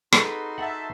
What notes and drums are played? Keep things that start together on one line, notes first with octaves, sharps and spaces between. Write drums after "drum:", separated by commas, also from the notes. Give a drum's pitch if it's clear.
D#4 F#4 G#4 A4 B4 C6, drum: rim click
E5 F#5 A5